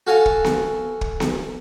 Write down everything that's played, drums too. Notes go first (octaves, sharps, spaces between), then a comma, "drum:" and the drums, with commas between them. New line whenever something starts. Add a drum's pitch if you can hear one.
F#4 A4 F5 G#5 A5
drum: kick
drum: snare B3
drum: kick
drum: snare B3